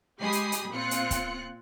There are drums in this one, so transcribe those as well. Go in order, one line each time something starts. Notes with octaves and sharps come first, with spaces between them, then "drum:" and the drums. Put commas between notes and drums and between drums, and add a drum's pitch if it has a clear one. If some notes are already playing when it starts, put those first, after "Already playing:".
G#3 G4 G#5 B5 D#6 C7
drum: hi-hat
drum: hi-hat
A#2 C4 F4 F#6 C#7
drum: hi-hat
drum: kick, hi-hat